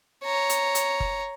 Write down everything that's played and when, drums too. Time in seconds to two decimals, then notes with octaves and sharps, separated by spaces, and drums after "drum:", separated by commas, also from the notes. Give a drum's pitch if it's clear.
0.24 C#5 A#5
0.50 drum: hi-hat
0.75 drum: hi-hat
1.00 drum: kick F#1